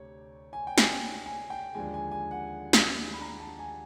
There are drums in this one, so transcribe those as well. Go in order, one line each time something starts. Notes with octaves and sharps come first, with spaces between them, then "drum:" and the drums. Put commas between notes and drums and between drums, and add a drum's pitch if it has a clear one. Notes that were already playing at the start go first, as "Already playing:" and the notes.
Already playing: D2 C3 C#5 D5
G#5
G5
G#5, drum: snare
G#5
G5
D#2 D3 F3 G#3 G#5
G#5
G#5
F#5
drum: snare
B5
A#5
A5
G#5